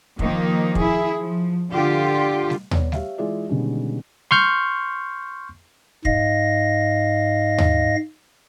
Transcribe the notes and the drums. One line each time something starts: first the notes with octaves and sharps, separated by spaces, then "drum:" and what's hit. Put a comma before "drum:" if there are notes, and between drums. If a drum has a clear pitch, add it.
D#3 F3 A#3 D#4, drum: kick
E4 G#4, drum: kick
F3
D3 F4 G4
drum: snare G3
B3 C#5 D5, drum: tom D#2
G4 C#5 E5 F5, drum: snare G3
E3 G#3 F4 G#4 D5 E5
B2 D3 D#3 G3 G#3 C#4
C6 C#6 F6 G6, drum: snare G3
G#2 D#5 F5 A#6, drum: kick
drum: tom D#2